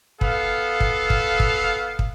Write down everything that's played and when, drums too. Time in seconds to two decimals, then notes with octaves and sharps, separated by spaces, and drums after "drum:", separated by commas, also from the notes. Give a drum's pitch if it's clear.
0.21 B3 A4 F5, drum: kick
0.80 drum: kick
1.10 drum: kick
1.40 drum: kick
1.99 drum: kick